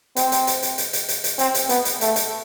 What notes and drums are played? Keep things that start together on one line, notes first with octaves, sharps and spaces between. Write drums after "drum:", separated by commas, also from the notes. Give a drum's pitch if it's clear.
C4, drum: hi-hat
drum: hi-hat
drum: hi-hat
drum: hi-hat
drum: hi-hat
drum: hi-hat
drum: hi-hat
drum: hi-hat
C4, drum: hi-hat
drum: hi-hat
B3, drum: hi-hat
drum: hi-hat
A3, drum: hi-hat
drum: hi-hat